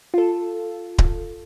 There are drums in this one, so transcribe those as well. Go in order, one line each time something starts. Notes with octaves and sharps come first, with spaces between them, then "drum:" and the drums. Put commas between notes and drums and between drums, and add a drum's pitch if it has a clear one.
F4 A4
drum: kick D1